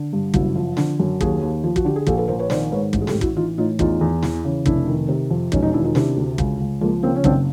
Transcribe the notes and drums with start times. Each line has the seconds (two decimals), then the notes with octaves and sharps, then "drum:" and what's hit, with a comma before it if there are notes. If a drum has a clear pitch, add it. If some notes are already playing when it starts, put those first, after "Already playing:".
Already playing: D3
0.13 G2
0.34 F#1 E4 F#4, drum: kick
0.55 F3
0.77 D3, drum: snare
1.00 F#2
1.21 D#2 F#4 G#4, drum: kick
1.42 D#2
1.64 F3
1.76 F#4, drum: kick
1.85 D3 G4
1.96 G#4
2.07 A#1 G4 A4, drum: kick
2.18 A4 B4
2.28 A#1 A#4 C5
2.39 B4 C#5
2.50 D#3 C5 D5, drum: snare
2.72 G#2 B4 C#5
2.93 A1, drum: kick
3.02 G#4
3.07 G4 A4, drum: snare
3.14 A1
3.21 E4 F#4, drum: kick
3.36 E3 D#4 F4
3.58 A2 D#4 F4
3.79 E2 D#4 F4, drum: kick
4.01 E2
4.23 E3, drum: snare
4.45 C#3
4.66 F1 D4 E4, drum: kick
4.87 D#3
5.08 C3
5.31 F2
5.52 E1 C#4 D#4, drum: kick
5.62 C#4 D#4
5.73 D#3 D4 E4
5.84 D#4 F4
5.95 C3 D4 E4, drum: snare
6.16 D2
6.38 C#2, drum: kick
6.60 C#2
6.81 F3 G#3 A#3
7.03 C#3 A#3 C4
7.16 C#4
7.24 F#1 C4 D4, drum: kick